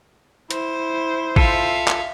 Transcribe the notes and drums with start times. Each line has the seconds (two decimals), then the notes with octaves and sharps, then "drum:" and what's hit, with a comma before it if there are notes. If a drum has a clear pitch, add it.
0.51 E4 C5, drum: hi-hat
1.36 F4 A4 E5 F5, drum: kick A1
1.88 drum: clap